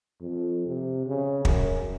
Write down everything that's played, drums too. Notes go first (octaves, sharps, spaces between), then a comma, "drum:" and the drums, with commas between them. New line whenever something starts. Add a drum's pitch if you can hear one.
F2
C3
C#3
F#2, drum: kick